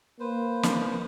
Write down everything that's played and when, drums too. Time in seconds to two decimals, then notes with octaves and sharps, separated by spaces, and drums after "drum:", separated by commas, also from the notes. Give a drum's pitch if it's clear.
0.20 A#3 B4 C5
0.63 drum: snare